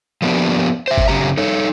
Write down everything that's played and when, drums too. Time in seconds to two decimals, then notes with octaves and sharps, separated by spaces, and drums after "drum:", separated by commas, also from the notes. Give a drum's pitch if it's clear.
0.22 F3 A#3 B3 D4 G4
0.88 C5 E5
0.97 drum: kick G1
1.08 F#2 C#3 E3 A#3 G4 A#5
1.37 D#4 A4 C#5